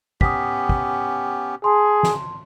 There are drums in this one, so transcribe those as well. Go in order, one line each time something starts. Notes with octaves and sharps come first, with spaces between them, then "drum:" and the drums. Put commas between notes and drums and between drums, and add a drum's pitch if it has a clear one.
B3 C#4 G4 D#6 B6, drum: kick
drum: kick
G#4 A5 C6
drum: snare